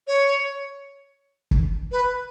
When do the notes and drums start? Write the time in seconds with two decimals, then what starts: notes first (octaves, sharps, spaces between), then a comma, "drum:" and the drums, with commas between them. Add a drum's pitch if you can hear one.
0.07 C#5
1.51 drum: kick
1.91 B4